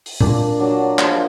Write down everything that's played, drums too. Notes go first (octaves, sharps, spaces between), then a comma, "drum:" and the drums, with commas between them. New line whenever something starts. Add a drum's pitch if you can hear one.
drum: open hi-hat
A#2 D4, drum: tom A#2
F#3 D4
A#2 F3 F4, drum: clap